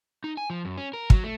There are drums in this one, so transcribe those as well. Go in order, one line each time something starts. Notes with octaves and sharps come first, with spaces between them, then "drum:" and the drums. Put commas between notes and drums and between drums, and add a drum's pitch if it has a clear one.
D#4
G#5
F3
F#2
C#4
A#4
F#3, drum: kick
A3